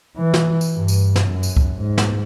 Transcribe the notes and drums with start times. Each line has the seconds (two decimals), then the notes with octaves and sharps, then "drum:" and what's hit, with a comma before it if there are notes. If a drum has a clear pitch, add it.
0.17 E3
0.34 drum: snare
0.61 drum: tambourine
0.75 G2
0.88 drum: tambourine
1.16 drum: snare
1.25 F#2
1.43 drum: tambourine
1.57 drum: kick C#2
1.77 G#2
1.98 drum: snare